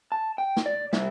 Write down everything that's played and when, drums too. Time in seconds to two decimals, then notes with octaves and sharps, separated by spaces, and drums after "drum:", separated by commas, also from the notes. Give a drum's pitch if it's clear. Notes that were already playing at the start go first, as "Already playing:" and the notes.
0.12 A5
0.38 G5
0.57 drum: snare
0.66 D5
0.93 C3 G3 E5, drum: snare